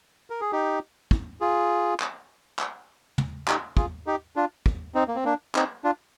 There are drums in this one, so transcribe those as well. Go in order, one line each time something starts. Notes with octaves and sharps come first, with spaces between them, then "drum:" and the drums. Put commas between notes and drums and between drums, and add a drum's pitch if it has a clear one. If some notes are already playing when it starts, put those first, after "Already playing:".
A#4
G#4
D#4 G4
drum: kick
F4 G#4
drum: clap
drum: clap
drum: tom
D#4 G4, drum: clap
F4 G#4, drum: kick
D#4 G4
D4 F4
drum: kick
C4 D#4
A#3
C4
A#3 D4
C4 D#4, drum: clap
D4 F4